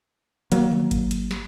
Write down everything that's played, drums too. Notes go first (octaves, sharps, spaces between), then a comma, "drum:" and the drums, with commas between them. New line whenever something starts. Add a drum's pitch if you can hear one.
F#3 A#3, drum: hi-hat
drum: tom D3
drum: kick G#1, hi-hat
drum: hi-hat
drum: snare